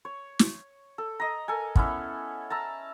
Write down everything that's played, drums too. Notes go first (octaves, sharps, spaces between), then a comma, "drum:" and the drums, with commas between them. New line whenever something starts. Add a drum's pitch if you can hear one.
C#5
drum: snare
A4
D#5 A#5
A4 A#4 G#5
B3 C#4 E4, drum: kick
A5 A#5 E6